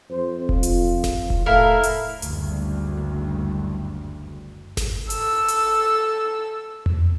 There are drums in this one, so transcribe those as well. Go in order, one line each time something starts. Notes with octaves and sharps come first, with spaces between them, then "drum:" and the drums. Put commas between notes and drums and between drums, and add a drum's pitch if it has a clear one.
F2 C5
F4, drum: kick E1
drum: hi-hat
drum: snare G#1
drum: kick E1
A2 E4 A4 A#4 F5
drum: hi-hat
F#1 D2 G2, drum: hi-hat
drum: snare G#1
A4 E6, drum: hi-hat
drum: hi-hat
drum: tom E2